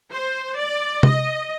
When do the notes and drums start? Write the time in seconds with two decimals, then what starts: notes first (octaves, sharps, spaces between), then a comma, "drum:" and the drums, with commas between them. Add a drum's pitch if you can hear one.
0.11 C5
0.57 D5
1.03 D#5, drum: tom C3